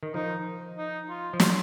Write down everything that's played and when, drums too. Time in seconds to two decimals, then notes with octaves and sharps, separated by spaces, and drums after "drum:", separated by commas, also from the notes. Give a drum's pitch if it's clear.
0.03 D#3
0.14 F3 D#4
0.78 D#4
1.09 F4
1.33 F3
1.40 F#3 F4, drum: snare